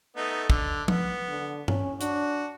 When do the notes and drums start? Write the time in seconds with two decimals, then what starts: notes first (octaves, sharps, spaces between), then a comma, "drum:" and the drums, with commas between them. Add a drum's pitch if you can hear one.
0.16 A3 B3 D#4
0.50 D3, drum: kick
0.88 B3, drum: tom F3
1.28 D3
1.68 C#4, drum: tom G2
2.01 D4 F#4, drum: hi-hat